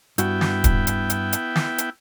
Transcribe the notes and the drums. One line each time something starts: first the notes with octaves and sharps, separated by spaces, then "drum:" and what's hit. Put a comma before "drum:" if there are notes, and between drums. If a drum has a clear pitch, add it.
G2 B3 E4 F#4 G5, drum: hi-hat
drum: snare
drum: kick, hi-hat
drum: hi-hat
drum: hi-hat
drum: hi-hat
drum: snare
drum: hi-hat